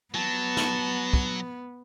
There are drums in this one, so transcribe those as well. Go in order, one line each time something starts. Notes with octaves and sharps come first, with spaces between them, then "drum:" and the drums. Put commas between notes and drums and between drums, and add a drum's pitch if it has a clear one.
F#3 B3 A5
drum: snare
drum: kick